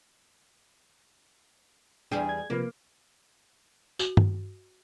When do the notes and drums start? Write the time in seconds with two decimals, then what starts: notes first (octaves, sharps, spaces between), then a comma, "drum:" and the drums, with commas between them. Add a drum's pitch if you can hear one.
2.12 E2 G3 D4 G#4 G5
2.29 G#6
2.50 C3 F3 A#3 B4
3.99 F#4, drum: tambourine
4.17 drum: tom G2